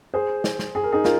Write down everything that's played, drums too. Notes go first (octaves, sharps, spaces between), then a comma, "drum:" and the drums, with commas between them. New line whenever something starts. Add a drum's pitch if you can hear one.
G#4 C5
drum: snare
drum: snare
G#4
A#4
D#4 G#4
F4 A#4, drum: snare